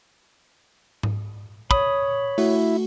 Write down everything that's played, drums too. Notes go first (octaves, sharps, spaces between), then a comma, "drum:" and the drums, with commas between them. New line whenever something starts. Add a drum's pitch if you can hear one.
drum: tom G#2
C#5 B5 D#6, drum: kick
A3 E4 F#4, drum: open hi-hat